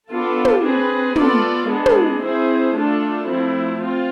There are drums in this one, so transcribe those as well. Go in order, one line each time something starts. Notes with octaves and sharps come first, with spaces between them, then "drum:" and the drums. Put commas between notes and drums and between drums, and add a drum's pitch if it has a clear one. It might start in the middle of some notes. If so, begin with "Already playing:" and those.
B3 D4 F4 A4
drum: tom
C4 G#4 B4
B3 F4 A4 D5, drum: tom
G#3 B3 D4 G#4
drum: tom
C4 E4 G#4 C5
A3 D4 F4 A4
F3 A3 C4 E4
C4 F4